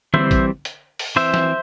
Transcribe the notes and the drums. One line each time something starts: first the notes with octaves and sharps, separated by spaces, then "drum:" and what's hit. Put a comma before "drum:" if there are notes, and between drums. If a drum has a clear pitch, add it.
E3 G3 C4 C5 E5, drum: tom D3
drum: kick, hi-hat
drum: hi-hat
drum: open hi-hat
E3 C4 C5 E5
drum: snare